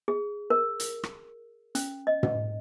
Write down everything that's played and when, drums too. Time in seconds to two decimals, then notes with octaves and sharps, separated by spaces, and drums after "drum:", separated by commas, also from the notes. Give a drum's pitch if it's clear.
0.08 G#4
0.50 A#4
0.80 drum: hi-hat
1.03 drum: rim click
1.75 C#4, drum: hi-hat
2.07 D#5
2.23 drum: tom